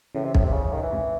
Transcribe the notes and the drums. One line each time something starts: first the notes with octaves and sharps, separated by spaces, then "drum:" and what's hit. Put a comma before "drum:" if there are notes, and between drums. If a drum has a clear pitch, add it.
A2 C#3 E3
C3
A2, drum: kick
C3
C#3
C#3
D#3
E3
G#2 C3